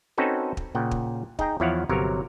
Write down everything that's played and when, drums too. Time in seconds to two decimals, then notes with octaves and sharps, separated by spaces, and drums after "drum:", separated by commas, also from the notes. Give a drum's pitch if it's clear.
0.18 C4 C#4 D#4 F#4 A4 B4
0.57 drum: kick
0.75 A#2 C#3 F#5 G5
0.91 drum: kick
1.39 D#4 G#4 G5 A#5, drum: kick
1.60 E2 F3 E4 C#5 F5 F#5
1.89 G1 C3 F#3 A#4 C#5